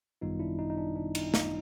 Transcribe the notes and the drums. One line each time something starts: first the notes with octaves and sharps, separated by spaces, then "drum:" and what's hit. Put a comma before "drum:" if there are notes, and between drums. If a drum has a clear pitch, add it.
G#1 F#2 D#3 G3 B3 D#4 F4
D4 E4
D#4
D#4
D4
D4
D#4, drum: cymbal
D#4, drum: snare